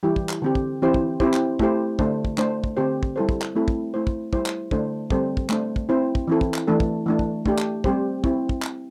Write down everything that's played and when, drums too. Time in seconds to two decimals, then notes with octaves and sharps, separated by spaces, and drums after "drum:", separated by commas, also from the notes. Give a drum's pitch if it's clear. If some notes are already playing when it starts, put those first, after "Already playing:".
0.03 E3 G3 E4 G4
0.16 drum: kick
0.29 drum: clap
0.42 D3 C4 G4
0.55 drum: kick
0.82 E3 C4 E4 G4 C5
0.94 drum: kick
1.20 C4 E4 G4 C5, drum: kick
1.33 drum: clap
1.59 A3 E4 G4 C5, drum: kick
1.99 D3 A3 D4 C5, drum: kick
2.25 drum: kick
2.38 A3 D4 C5, drum: clap
2.64 drum: kick
2.77 D3 C4 G4 C5
3.03 drum: kick
3.16 G3 E4 A4 C5
3.29 drum: kick
3.42 drum: clap
3.55 A3 C4 E4 A4
3.68 drum: kick
3.94 A3 E4 C5
4.07 drum: kick
4.33 G3 E4 C5, drum: kick
4.46 drum: clap
4.71 D3 A3 D4 A4 C5, drum: kick
5.10 D3 G3 C4 A4 C5, drum: kick
5.37 drum: kick
5.49 A3 D4 C5, drum: clap
5.76 drum: kick
5.89 C4 E4 C5
6.15 drum: kick
6.27 E3 C4 E4 A4
6.41 drum: kick
6.54 drum: clap
6.67 E3 A3 D4 A4
6.80 drum: kick
7.06 E3 A3 D4
7.19 drum: kick
7.46 A3 D4 G4, drum: kick
7.58 drum: clap
7.84 G3 C4 G4 C5, drum: kick
8.24 C4 E4, drum: kick
8.49 drum: kick
8.62 drum: clap